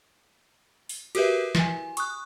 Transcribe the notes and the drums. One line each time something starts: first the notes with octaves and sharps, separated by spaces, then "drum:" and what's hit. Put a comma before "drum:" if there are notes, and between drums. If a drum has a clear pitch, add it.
drum: open hi-hat
F#4 G4 A#4 B4 E5, drum: cymbal
E4 G#5, drum: snare
C#6 D#6 F#6, drum: hi-hat